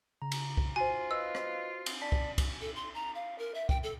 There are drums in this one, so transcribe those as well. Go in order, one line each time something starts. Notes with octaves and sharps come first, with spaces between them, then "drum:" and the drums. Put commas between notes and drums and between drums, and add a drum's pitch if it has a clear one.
C#3 A#5
drum: cymbal
drum: kick
F4 F#4 C5 G#5
B4 D#5 F5 E6
drum: rim click
drum: cymbal
D5 A5 B6
drum: kick
drum: kick, cymbal
A4
C6
A#5
F5
A#4
E5
G5, drum: kick
A4